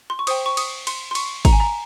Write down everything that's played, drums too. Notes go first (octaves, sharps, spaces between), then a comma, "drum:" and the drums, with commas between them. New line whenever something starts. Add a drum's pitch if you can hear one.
C6
C#6
C5 G5 D#6, drum: cymbal
C#6
D#6, drum: cymbal
C6, drum: cymbal
C6
C#6, drum: cymbal
A#5, drum: kick G#1, cymbal
G#5
A#5